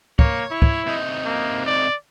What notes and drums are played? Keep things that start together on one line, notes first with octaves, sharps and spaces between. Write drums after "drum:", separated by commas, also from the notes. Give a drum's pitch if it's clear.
A#3 C#5, drum: kick
E4
drum: kick
C3 D#4
A#3
D5